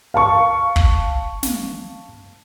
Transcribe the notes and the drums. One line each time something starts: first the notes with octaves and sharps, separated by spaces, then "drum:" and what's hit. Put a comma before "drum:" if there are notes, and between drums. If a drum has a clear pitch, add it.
F5 A5 C#6
drum: kick
drum: snare